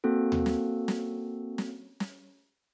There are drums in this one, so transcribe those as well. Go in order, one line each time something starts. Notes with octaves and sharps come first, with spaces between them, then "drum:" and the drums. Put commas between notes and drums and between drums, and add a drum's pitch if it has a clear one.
A#3 C4 F#4 A4
drum: tom D2
drum: snare
drum: snare
drum: snare
drum: snare